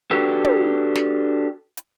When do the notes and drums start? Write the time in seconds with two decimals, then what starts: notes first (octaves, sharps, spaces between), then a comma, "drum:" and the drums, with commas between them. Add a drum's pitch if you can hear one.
0.11 D4 F#4 G4 A4 B4
0.44 drum: tom
0.95 drum: snare
1.77 drum: hi-hat